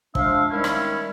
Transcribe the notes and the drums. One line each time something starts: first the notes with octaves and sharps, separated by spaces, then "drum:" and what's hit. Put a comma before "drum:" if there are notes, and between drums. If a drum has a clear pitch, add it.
F3 G#3 D4 E5 F5, drum: kick
D#3 G3 G#3 C#4 E4
drum: rim click